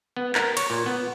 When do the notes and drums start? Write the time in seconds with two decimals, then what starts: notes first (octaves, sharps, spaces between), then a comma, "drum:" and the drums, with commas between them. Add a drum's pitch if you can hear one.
0.17 B3
0.35 A#4, drum: clap
0.57 C#5, drum: cymbal
0.70 A#2
0.86 B3